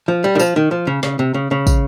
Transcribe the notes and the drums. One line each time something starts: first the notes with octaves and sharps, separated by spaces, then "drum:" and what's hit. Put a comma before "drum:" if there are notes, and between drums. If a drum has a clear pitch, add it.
F3
G3
D#3
F3, drum: tambourine
D#3
F3
C#3
C#3, drum: snare
C3
C#3
C#3
drum: kick, tambourine